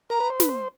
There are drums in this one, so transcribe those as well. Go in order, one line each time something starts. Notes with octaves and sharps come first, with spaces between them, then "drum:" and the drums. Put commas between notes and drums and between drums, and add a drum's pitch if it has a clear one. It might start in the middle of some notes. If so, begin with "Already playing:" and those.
A#4 A#5
B4
C5
B4, drum: snare
C5